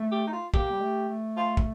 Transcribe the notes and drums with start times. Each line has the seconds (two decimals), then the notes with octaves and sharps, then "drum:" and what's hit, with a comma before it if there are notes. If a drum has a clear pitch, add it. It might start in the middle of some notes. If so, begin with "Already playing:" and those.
Already playing: A3
0.11 G4
0.27 D#4
0.33 F4
0.54 A#3 G4, drum: kick
0.72 G3
0.81 A3
1.08 A3
1.37 F4
1.57 drum: kick